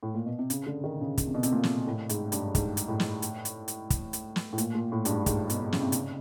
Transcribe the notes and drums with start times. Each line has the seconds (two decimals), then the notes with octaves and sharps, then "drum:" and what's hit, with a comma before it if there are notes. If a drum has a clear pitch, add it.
0.03 A2
0.15 A#2
0.26 B2
0.39 C3
0.50 C#3, drum: hi-hat
0.66 D3
0.84 D#3
1.01 C#3
1.18 C#3, drum: kick, hi-hat
1.27 C3
1.34 B2
1.43 C3, drum: hi-hat
1.53 A#2
1.63 drum: snare
1.87 A2
2.09 G#2, drum: hi-hat
2.32 G2, drum: hi-hat
2.55 G#2, drum: kick, hi-hat
2.77 drum: hi-hat
2.88 A2
3.00 drum: snare
3.22 drum: hi-hat
3.45 drum: hi-hat
3.68 drum: hi-hat
3.90 drum: kick, hi-hat
4.13 drum: hi-hat
4.36 drum: snare
4.53 A2
4.58 A#2, drum: hi-hat
4.75 A#2
4.92 A2
5.05 G2, drum: hi-hat
5.09 G#2
5.26 G#2, drum: kick, hi-hat
5.50 B2, drum: hi-hat
5.73 C#3, drum: snare
5.82 C3
5.92 C#3, drum: hi-hat